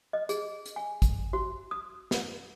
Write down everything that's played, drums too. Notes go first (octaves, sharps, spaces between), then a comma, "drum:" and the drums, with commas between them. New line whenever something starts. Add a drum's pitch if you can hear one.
D#5
G#4, drum: hi-hat
drum: hi-hat
G#5
drum: kick, hi-hat
F#4
D#6
drum: snare